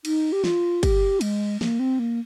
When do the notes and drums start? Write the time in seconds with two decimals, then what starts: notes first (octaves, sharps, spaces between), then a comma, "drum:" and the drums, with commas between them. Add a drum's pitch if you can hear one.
0.05 D#4, drum: cymbal
0.32 G4
0.44 F4, drum: snare
0.83 G4, drum: kick, cymbal
1.21 G#3, drum: cymbal
1.61 A#3, drum: snare
1.79 C4
1.99 A#3